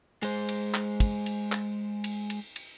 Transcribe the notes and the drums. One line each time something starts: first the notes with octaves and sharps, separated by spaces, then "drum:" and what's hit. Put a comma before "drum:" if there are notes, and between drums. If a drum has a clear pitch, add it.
G#3 C5, drum: cymbal
drum: cymbal
drum: clap
drum: kick, cymbal
drum: cymbal
drum: clap
drum: cymbal
drum: cymbal
drum: cymbal